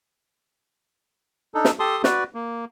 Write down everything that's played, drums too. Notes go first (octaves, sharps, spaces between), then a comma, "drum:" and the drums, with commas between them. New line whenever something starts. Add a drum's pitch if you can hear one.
D4 D#4 A4
drum: snare
G4 A4 A5 C6 D#6
F#4 B4 D5, drum: snare
A#3